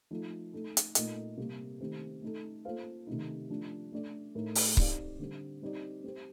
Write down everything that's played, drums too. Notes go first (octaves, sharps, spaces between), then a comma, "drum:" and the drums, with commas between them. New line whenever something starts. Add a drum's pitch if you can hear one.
F3 A3 D#4 A4
A3 D#4 A4
drum: hi-hat
A#2 A3 D#4 A#4 D#5, drum: hi-hat
C3 G3 A#3
D#3 A3 C4 D#4 G4
A3 D#4 A4
A#3 F4 A4 C5 F5
C3 D#3 A3 D#4
F3 A3 D4
A3 D4 A4 D5
A2 A3 D#4 A#4
drum: open hi-hat
C4 D#4 G4 D5 F5, drum: kick C#1
D3 G3 C4
G3 C4 D#4 G4 D5
C4 G4 C5